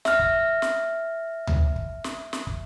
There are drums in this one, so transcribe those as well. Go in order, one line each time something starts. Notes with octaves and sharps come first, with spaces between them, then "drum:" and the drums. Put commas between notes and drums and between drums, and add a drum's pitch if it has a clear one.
E5 F6, drum: snare
drum: kick
drum: snare
drum: tom D2
drum: kick
drum: snare
drum: snare
drum: kick